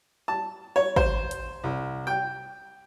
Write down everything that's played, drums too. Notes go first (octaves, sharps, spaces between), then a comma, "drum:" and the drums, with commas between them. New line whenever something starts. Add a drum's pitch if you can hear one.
A5
C#5
C5, drum: kick
drum: hi-hat
C2
G5